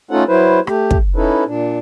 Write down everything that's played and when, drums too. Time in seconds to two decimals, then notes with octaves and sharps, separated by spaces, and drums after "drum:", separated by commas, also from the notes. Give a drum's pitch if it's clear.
0.11 A3 C#4 D#4 F4 A4 F#5
0.28 F#3 E4 B4 C5
0.67 A3 G4, drum: rim click
0.91 drum: kick
1.16 C#4 D#4 E4 A4 B4
1.46 A#2 D4